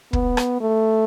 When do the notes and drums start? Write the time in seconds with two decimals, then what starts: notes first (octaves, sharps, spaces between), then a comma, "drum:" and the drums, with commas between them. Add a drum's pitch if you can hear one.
0.13 B3, drum: kick
0.37 drum: rim click
0.61 A3